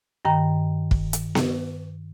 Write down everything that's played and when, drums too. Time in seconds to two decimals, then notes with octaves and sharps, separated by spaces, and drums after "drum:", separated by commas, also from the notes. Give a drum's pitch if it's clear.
0.25 G2 D#3 G5 A#5
0.91 drum: kick
1.13 drum: hi-hat
1.35 drum: snare B3